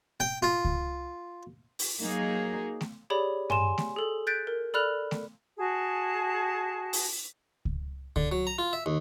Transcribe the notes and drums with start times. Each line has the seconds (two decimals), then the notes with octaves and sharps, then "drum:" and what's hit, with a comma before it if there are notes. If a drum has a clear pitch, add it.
0.20 G5
0.43 F4
0.65 drum: kick C#2
1.79 drum: open hi-hat
2.00 F#3 A#3 D#4 G#4
2.81 drum: snare A3
3.10 G4 G#4 C#5 D5 B5
3.50 G#5 C6 E7, drum: tom G2
3.78 drum: snare A3
3.96 G#4 A4
4.27 F#6 G6 A6 B6 D7
4.47 A#4
4.74 A4 D5 B5 F6 F#6 F7
5.11 drum: snare A3
5.58 F#4 G#4 A5
6.93 drum: open hi-hat
7.65 drum: kick C#2
8.16 D3, drum: kick C#2
8.32 F#3
8.47 A#5
8.58 F4
8.73 E5
8.86 D#2